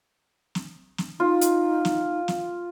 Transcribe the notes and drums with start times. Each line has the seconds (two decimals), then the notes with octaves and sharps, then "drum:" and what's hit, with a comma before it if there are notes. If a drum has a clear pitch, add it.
0.55 drum: snare
0.98 drum: snare
1.20 D#4 F4
1.41 drum: hi-hat
1.85 drum: snare
2.28 drum: snare